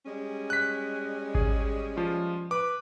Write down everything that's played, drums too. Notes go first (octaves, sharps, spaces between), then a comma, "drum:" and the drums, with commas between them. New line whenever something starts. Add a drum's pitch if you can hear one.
G3 G#3 C#4
F#6 B6
G#4, drum: kick G#1
F3 F4
B4 D6